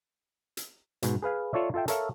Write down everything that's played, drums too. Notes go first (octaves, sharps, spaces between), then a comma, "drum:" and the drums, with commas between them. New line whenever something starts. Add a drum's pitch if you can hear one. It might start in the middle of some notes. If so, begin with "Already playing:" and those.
drum: hi-hat
G#2 B2, drum: hi-hat
G#4 B4 F5 G#5
F4 A4 C#5 D5 E5
F4 A4 E5 G5
A4 A#4 C#5 E5 F5, drum: hi-hat